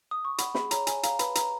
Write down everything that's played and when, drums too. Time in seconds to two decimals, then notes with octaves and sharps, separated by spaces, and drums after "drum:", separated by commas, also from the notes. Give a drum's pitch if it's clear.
0.11 D#6
0.25 C#6
0.38 F#5 B5, drum: hi-hat
0.55 G#4 B5, drum: snare
0.71 C#5 A#5, drum: hi-hat
0.87 C#5 G#5, drum: hi-hat
1.03 F5 A#5, drum: hi-hat
1.19 B4 B5, drum: hi-hat
1.35 B4 A#5, drum: hi-hat